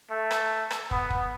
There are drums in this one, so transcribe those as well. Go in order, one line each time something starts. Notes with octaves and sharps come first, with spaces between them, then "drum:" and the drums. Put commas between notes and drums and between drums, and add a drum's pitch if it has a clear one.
A3
drum: rim click
drum: rim click
B3, drum: kick
drum: kick